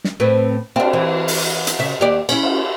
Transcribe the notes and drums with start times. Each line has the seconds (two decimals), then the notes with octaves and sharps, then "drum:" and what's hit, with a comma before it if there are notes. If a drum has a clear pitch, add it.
0.04 drum: snare
0.20 A2 C4 B4
0.76 C4 D4, drum: cymbal
0.93 E3
1.28 drum: open hi-hat
1.67 drum: hi-hat
1.79 C#3 E5
2.00 D#2 G4 D5
2.29 C#4 E4, drum: cymbal
2.43 drum: cymbal